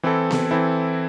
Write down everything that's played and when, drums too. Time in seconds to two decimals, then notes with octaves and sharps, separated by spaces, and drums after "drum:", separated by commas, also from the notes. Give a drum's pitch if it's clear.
0.03 E3 C4 E4 A4
0.31 drum: snare B3
0.51 E3 C4 E4 A4